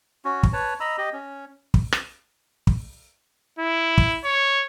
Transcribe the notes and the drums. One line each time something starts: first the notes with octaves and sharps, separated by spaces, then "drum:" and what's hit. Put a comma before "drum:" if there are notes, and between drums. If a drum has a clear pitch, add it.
C#4 F#4
drum: kick
B4 C#5 A5
D#5 A#5 B5 E6
G4 D#5
C#4
drum: kick
drum: rim click
drum: kick
E4
drum: kick
C#5